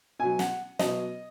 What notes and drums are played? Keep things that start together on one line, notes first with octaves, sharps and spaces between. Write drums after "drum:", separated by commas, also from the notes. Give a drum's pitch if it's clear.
B2 F#3 G#5
F#5, drum: snare
B2 F#3 D#5, drum: snare